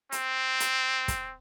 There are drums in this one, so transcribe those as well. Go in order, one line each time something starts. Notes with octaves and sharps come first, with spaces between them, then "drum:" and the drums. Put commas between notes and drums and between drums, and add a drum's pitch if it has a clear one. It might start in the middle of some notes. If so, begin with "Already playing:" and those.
C4, drum: hi-hat
drum: hi-hat
drum: kick, hi-hat